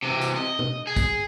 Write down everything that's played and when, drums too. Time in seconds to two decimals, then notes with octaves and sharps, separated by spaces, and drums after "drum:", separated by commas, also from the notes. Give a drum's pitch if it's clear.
0.03 C3 E3
0.21 drum: tambourine
0.36 D#5
0.59 drum: tom B2
0.87 G#4
0.96 drum: kick, tambourine